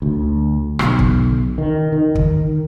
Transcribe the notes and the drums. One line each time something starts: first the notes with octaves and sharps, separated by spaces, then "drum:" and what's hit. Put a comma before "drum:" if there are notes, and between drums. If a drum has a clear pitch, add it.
D2
B1, drum: rim click
drum: kick
D#3
D#3
drum: kick